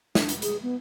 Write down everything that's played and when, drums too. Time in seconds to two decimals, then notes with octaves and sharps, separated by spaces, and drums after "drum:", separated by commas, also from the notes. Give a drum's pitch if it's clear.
0.15 D4, drum: snare
0.29 drum: hi-hat
0.42 G#4, drum: hi-hat
0.62 B3